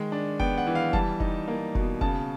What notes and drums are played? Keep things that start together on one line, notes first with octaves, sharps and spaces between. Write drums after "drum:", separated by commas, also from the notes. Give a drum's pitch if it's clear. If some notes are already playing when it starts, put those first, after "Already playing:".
Already playing: D#3 G#3
D4
B3 G5, drum: kick
F#5
E3
F5
G3 A5, drum: kick
D#4, drum: kick
A#3
B2, drum: kick
C#3 A5, drum: kick